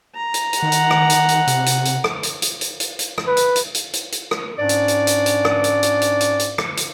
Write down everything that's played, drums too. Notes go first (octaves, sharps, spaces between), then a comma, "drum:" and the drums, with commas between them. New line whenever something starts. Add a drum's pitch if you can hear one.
A#5
drum: hi-hat
drum: hi-hat
D#3 F#5
drum: hi-hat
drum: rim click
drum: hi-hat
drum: hi-hat
C3, drum: hi-hat
drum: hi-hat
drum: hi-hat
drum: rim click
drum: hi-hat
drum: hi-hat
drum: hi-hat
drum: hi-hat
drum: hi-hat
drum: rim click
B4
drum: hi-hat
drum: hi-hat
drum: hi-hat
drum: hi-hat
drum: hi-hat
drum: rim click
G#2 C#4 D4 D5
drum: hi-hat
drum: hi-hat
drum: hi-hat
drum: hi-hat
drum: rim click
drum: hi-hat
drum: hi-hat
drum: hi-hat
drum: hi-hat
drum: hi-hat
drum: rim click
drum: hi-hat